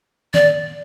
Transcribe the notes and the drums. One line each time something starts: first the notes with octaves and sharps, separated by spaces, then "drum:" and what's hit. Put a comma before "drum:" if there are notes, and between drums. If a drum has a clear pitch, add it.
D5, drum: tom D#3